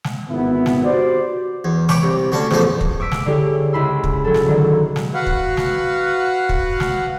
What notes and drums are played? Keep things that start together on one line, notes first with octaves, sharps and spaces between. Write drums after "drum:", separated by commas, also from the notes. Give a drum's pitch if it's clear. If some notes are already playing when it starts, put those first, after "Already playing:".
drum: snare
G#1 B3 E4
drum: snare
F#4 G4 C5 D5
E2
C#5 G5 B5 D6, drum: snare
C2
D2 D3 C#4 A5
A1 E2 A2 F3 D#4 A5, drum: snare
drum: kick
C#6 D6 E6 B6 D7
drum: snare
D3 E4 G4 G#4 C#5
C#2 E4 B5 C6 E6
drum: kick
F#3 A4
drum: snare
D3 D#3 F#3
drum: snare
F#4 B4 F5 F#5
drum: kick
drum: snare
drum: kick
drum: snare